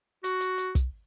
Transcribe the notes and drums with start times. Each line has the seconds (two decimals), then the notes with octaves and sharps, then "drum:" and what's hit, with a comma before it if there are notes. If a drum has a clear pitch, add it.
0.24 F#4, drum: hi-hat
0.41 drum: hi-hat
0.58 drum: hi-hat
0.75 drum: kick, hi-hat